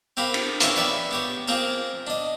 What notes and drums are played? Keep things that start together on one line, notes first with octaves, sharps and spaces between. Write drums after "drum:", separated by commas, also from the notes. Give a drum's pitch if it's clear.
C4 G4 A#4 F5 F#5 B5
drum: cymbal
A#3 B3 C#4 F4 E5 G#5, drum: hi-hat
B4 C#5 D5 E5 G5 B5
B3 G4 C#5
A#3 C4 F4 G#4 A#4 C5
D4 D#5